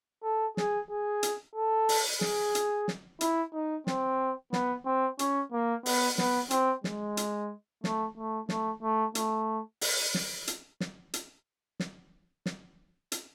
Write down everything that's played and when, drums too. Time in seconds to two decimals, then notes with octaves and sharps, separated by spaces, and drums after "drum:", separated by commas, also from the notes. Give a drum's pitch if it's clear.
0.23 A4
0.57 G#4, drum: snare
0.90 G#4
1.23 drum: hi-hat
1.55 A4
1.89 drum: open hi-hat
2.21 G#4, drum: snare
2.55 drum: hi-hat
2.88 drum: snare
3.21 E4, drum: hi-hat
3.53 D#4
3.87 C4, drum: snare
4.53 B3, drum: snare
4.86 C4
5.19 C#4, drum: hi-hat
5.52 A#3
5.86 B3, drum: open hi-hat
6.18 B3, drum: snare
6.51 C4, drum: hi-hat
6.84 G#3, drum: snare
7.17 drum: hi-hat
7.84 A3, drum: snare
8.17 A3
8.49 A3, drum: snare
8.82 A3
9.15 A3, drum: hi-hat
9.81 drum: open hi-hat
10.14 drum: snare
10.47 drum: hi-hat
10.80 drum: snare
11.14 drum: hi-hat
11.80 drum: snare
12.46 drum: snare
13.12 drum: hi-hat